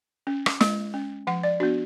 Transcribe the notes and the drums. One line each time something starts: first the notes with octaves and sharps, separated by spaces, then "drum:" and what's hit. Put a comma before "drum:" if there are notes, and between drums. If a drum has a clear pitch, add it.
C#4
drum: rim click
G#3, drum: snare
C#4
F3 F#5
D5
B3 D4 F#4